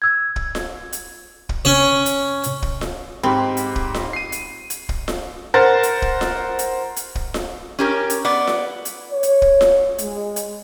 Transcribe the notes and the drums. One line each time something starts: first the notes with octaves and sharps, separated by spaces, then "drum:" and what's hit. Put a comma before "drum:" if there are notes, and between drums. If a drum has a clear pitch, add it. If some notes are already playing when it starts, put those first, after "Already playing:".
E6 G#6
drum: kick
drum: snare F4
drum: hi-hat
drum: kick
C#4 C#5
drum: hi-hat
drum: hi-hat
drum: kick
drum: snare F4
G#2 C4 G4 B5
drum: hi-hat
drum: kick
drum: snare F4
C7 D#7
drum: hi-hat
drum: hi-hat
drum: kick
drum: snare F4
A#4 C5 F#5 A6
drum: hi-hat
drum: kick
drum: snare F4
drum: hi-hat
drum: hi-hat
drum: kick
drum: snare F4
C#4 G4 A#4
drum: hi-hat
B3 D5
drum: snare F4
drum: hi-hat
C#5
drum: hi-hat
drum: kick
drum: snare F4
G#3, drum: hi-hat
drum: hi-hat